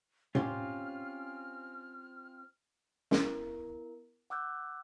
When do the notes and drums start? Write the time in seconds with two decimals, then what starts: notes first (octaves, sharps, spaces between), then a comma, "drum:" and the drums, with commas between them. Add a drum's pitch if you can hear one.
0.35 C4 C#4 F4 G4 F6, drum: tom A2
3.11 B3 E4 A#4, drum: snare
4.30 F#5 D6 E6 F#6 G6